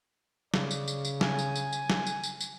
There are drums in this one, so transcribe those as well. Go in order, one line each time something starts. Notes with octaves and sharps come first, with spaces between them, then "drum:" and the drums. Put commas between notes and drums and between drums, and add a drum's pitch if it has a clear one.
C#3 D5, drum: snare
drum: tambourine
drum: tambourine
drum: tambourine
G#5, drum: snare
drum: tambourine
drum: tambourine
drum: tambourine
drum: snare
drum: tambourine
drum: tambourine
drum: tambourine